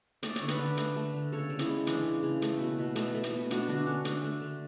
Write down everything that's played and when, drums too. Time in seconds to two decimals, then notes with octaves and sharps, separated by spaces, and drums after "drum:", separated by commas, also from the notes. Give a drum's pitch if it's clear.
0.23 A3 D5, drum: hi-hat
0.36 C#5, drum: hi-hat
0.42 D3
0.48 B4 D5, drum: hi-hat
0.59 D3
0.77 A3, drum: hi-hat
0.96 A3
1.13 D3
1.32 C#3 A4 C#5
1.50 C#3
1.59 C#4 E4, drum: hi-hat
1.68 G#3
1.87 E3 D4, drum: hi-hat
2.05 C#3
2.23 C#3
2.42 A3, drum: hi-hat
2.60 B2
2.78 B2
2.96 A3, drum: hi-hat
3.14 A3
3.23 drum: hi-hat
3.33 B2
3.51 A3 D4 F#4, drum: hi-hat
3.68 D3 D4 F#4
3.87 D3 C#4
4.05 A3 D4, drum: hi-hat
4.24 A3
4.41 D3